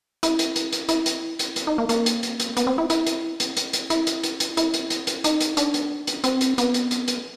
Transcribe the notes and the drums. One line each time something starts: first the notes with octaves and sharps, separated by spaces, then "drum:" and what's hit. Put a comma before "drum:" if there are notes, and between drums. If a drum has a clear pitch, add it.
E4, drum: hi-hat
drum: hi-hat
drum: hi-hat
drum: hi-hat
E4, drum: hi-hat
drum: hi-hat
drum: hi-hat
drum: hi-hat
D#4
A#3
A#3, drum: hi-hat
drum: hi-hat
drum: hi-hat
drum: hi-hat
B3, drum: hi-hat
C4
E4
E4, drum: hi-hat
drum: hi-hat
drum: hi-hat
drum: hi-hat
drum: hi-hat
E4, drum: hi-hat
drum: hi-hat
drum: hi-hat
drum: hi-hat
E4, drum: hi-hat
drum: hi-hat
drum: hi-hat
drum: hi-hat
D#4, drum: hi-hat
drum: hi-hat
D4, drum: hi-hat
drum: hi-hat
drum: hi-hat
C4, drum: hi-hat
drum: hi-hat
B3, drum: hi-hat
drum: hi-hat
drum: hi-hat
drum: hi-hat